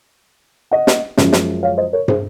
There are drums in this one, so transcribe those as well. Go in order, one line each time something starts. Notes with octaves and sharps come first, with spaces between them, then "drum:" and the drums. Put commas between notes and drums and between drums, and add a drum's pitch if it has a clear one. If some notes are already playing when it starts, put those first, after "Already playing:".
D#5 F#5
drum: snare
F#2 F3 G#3, drum: snare
drum: snare
C#5 F5
C5 D#5
A#4 C#5
G#4 C5, drum: tom